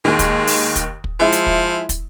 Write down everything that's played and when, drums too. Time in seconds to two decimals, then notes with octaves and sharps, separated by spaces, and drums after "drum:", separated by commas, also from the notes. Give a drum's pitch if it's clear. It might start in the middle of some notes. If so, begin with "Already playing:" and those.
0.05 D#2 D#3 G#3
0.19 drum: kick, hi-hat
0.47 drum: open hi-hat
0.76 drum: kick, hi-hat
1.04 drum: kick
1.20 F3 G#3 E4
1.32 drum: hi-hat
1.47 drum: kick
1.89 drum: kick, hi-hat